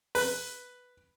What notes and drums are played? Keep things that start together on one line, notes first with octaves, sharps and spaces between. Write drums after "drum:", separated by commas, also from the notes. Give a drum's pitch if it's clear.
B4, drum: open hi-hat